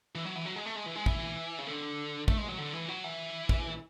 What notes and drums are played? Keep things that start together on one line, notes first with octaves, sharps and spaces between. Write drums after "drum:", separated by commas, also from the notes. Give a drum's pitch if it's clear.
E3
F#3
E3
F#3
G#3
A3
G#3
E3
G#3
E3, drum: kick
C#3
D3
A3, drum: kick
G#3
F#3
D3
E3
F#3
E3
drum: kick